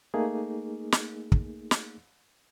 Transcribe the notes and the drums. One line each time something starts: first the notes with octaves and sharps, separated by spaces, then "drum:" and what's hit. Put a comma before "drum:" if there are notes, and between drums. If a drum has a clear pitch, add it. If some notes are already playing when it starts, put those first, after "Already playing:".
A3 A#3 D#4 G#4
drum: snare
drum: kick
drum: snare